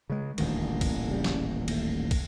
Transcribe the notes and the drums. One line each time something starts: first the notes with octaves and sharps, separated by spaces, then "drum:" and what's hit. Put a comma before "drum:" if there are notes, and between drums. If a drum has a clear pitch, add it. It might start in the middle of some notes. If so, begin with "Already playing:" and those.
C#3 G#3
D#1 A1 D2 D#3, drum: cymbal
drum: kick, cymbal
C#3 G3
drum: snare
D#2 A3, drum: cymbal
drum: kick, cymbal